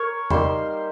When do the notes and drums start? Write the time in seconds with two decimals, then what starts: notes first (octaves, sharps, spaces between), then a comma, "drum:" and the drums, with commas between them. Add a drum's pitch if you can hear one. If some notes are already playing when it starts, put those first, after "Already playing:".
Already playing: A#4 C#5 C#6
0.30 G3 A#3 D#4 C5 C6, drum: tom E2